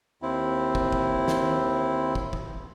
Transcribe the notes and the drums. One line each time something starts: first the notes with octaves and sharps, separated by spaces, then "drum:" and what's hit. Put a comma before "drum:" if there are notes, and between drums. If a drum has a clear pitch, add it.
D#2 C4 E4
drum: kick
drum: kick
drum: snare
drum: kick
drum: kick